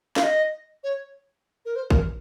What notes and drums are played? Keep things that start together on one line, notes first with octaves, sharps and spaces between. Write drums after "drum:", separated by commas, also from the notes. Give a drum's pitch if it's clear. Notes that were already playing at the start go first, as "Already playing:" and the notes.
F5, drum: snare
D#5
C#5
A#4
C5
A#4, drum: kick G#1